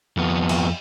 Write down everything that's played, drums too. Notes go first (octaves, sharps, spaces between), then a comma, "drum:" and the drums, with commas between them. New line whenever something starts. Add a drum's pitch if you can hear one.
F2 B3
drum: cymbal